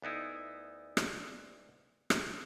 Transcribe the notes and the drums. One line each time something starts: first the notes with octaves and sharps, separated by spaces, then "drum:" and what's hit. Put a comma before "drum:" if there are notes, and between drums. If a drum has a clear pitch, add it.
D2 B3 D#4 E4
drum: rim click
drum: rim click